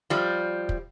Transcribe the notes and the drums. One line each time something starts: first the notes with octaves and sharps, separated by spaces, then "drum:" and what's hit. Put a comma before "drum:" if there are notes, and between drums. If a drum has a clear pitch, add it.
F3 G3
drum: kick